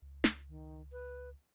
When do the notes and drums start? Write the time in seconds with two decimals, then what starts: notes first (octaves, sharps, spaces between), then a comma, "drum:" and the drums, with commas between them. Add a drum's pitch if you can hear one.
0.02 C#2
0.24 drum: snare
0.48 D#3
0.92 B4